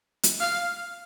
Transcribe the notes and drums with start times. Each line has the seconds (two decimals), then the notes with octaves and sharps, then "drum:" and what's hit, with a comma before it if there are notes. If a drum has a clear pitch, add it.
0.23 drum: hi-hat
0.40 F5